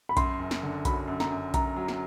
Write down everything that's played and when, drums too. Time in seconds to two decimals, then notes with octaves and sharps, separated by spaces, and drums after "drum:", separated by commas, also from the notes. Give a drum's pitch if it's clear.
0.09 B5
0.17 F#2 C6, drum: kick B1, hi-hat
0.39 F#1
0.51 drum: snare
0.63 D3
0.85 F#3 B5, drum: kick B1, hi-hat
1.08 F#2
1.20 A#5, drum: snare
1.32 F#2
1.54 F#2 A#5, drum: kick B1, hi-hat
1.76 F#3
1.88 drum: snare